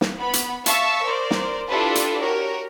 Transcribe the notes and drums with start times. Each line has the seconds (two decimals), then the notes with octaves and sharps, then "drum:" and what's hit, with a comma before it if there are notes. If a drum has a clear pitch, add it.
0.01 drum: snare
0.18 B3 B5
0.33 drum: hi-hat
0.66 E5 F5 A5 C#6 E6 B6, drum: hi-hat
1.04 A#4 C5 D5
1.31 drum: snare
1.69 D4 E4 F4 G4 A4 B4
1.95 drum: hi-hat
2.21 F#4 G4 A#4 C#5